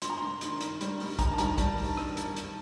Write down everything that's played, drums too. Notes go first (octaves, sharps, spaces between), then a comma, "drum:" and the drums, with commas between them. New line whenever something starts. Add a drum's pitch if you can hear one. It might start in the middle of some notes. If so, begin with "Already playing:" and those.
G2 C6, drum: hi-hat
A#5
G2 C6
D#3, drum: hi-hat
G2, drum: hi-hat
G3, drum: hi-hat
G2, drum: open hi-hat
D#3 A#5, drum: kick, hi-hat
A5
G3 A#5, drum: hi-hat
G3 A5, drum: kick, hi-hat
drum: open hi-hat
drum: rim click
drum: hi-hat
drum: hi-hat